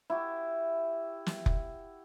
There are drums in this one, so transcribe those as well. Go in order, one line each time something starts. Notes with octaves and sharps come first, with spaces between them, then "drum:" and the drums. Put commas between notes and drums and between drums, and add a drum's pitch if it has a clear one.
E4 F#4 G4
drum: snare
drum: kick F1